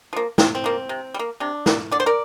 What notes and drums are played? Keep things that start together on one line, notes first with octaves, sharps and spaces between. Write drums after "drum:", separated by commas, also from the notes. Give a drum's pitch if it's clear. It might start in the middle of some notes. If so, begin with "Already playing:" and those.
F3 A#3
C3 C4, drum: snare
C4
F3 A#3
C3
G3
A#3
C3 D4
G3 A#3, drum: snare
D3 D5
C5
A#4 D5